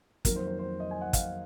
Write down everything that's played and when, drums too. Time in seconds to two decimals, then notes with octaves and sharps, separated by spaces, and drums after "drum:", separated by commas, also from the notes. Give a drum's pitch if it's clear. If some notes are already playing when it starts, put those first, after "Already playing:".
0.25 F2 D#3 F#3 A#3 A#4, drum: kick, hi-hat
0.36 C5
0.47 C5
0.59 C5
0.80 D#5
0.91 G#5
1.01 F#5
1.13 F5, drum: kick, hi-hat